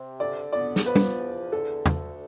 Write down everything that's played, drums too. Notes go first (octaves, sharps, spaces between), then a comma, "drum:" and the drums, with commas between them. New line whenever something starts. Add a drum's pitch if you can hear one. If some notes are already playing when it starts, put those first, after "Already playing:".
Already playing: C3
D3 D5
B3 D5
drum: snare
F3 B4
drum: tom
E2
D3 A4
D2, drum: tom